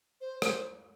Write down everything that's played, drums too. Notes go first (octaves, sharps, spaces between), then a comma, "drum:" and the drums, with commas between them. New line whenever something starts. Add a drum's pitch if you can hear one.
C5
C5, drum: rim click